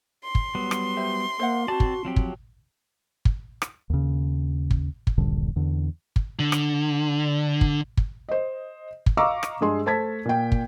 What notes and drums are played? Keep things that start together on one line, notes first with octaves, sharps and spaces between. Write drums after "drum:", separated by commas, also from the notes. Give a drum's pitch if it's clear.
C6
drum: kick
F#3 G3 B3
drum: rim click
G4 C5 E5
A#3 C5 E5 F#5
C4 F#4 D5 A5
drum: kick
F3 F#3 C4 G4
drum: kick
drum: kick
drum: rim click
D#2 C#3
drum: kick
drum: kick
D#1 A#1 G2 D3
E2 D3
drum: kick
D3
drum: rim click
drum: kick
drum: kick
C5 D#5
drum: kick
D#5 F5 A#5 C#6 D6 E6
drum: rim click
G2 G#3 G#4 C6
A3 A4 C5 A5 G#6 B6
A#2 G5
drum: kick